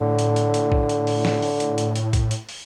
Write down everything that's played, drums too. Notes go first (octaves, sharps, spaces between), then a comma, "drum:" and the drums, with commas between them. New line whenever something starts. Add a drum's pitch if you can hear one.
A2 D3
drum: hi-hat
drum: hi-hat
drum: hi-hat
drum: kick A#1
drum: hi-hat
drum: open hi-hat
drum: snare
drum: open hi-hat
drum: hi-hat
drum: hi-hat
drum: hi-hat
drum: kick A#1, hi-hat
drum: hi-hat
drum: open hi-hat